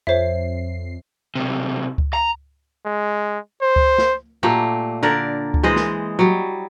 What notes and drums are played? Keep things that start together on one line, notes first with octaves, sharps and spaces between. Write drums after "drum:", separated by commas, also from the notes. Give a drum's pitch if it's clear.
F2 C5 C#5 E5 C7
B1 C3
drum: kick C#2
A#5
G#3
C5
drum: kick C#2
drum: snare
A#2 A3 A#3 G4
D3 A#4 D5
drum: kick C#2
E3 G#3 C5 D#5
drum: snare
F#3 G3